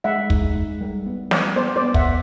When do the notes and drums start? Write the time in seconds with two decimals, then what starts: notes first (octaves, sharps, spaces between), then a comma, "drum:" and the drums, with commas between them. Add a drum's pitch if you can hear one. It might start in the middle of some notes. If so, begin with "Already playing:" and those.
0.04 G#3 E5 F#5
0.30 D#4, drum: kick
0.55 G#3
0.81 G3
1.06 B3
1.31 G3, drum: snare
1.56 B3 C5 D5
1.76 C5 D5
1.82 B3
1.94 E5 F#5, drum: kick